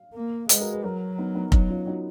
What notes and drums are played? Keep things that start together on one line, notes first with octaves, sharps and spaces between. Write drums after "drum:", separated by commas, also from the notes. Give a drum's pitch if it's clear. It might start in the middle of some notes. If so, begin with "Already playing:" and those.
Already playing: F5
A#3
G#3 B4 D#5, drum: hi-hat
F#4 A#4
G#4 B4
F#3 F#4 A#4
B3 D#4
B3 D#4
F#3 B3 D#4, drum: kick F1
C#4 F4
D#4 F#4